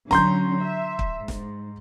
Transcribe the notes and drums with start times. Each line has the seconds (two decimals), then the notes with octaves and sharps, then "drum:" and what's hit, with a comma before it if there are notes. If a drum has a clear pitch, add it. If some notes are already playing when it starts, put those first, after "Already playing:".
0.11 D3 F#3 C#4 A#5 C6 G6, drum: snare E1
0.63 E5
0.99 drum: kick
1.18 G#2
1.28 drum: snare E1